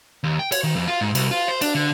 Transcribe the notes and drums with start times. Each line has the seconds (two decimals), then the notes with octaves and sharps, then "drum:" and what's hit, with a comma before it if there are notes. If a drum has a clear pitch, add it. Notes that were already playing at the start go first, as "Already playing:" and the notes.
0.24 D#2
0.39 G5
0.52 C#5, drum: cymbal
0.64 D#3
0.76 F2
0.88 F4
1.01 G#2
1.15 C2, drum: cymbal
1.31 F4
1.48 C5
1.61 D4, drum: cymbal
1.75 D3